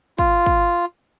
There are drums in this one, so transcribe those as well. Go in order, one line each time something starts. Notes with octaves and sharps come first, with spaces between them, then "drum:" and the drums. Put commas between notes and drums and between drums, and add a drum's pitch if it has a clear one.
F4, drum: kick
drum: kick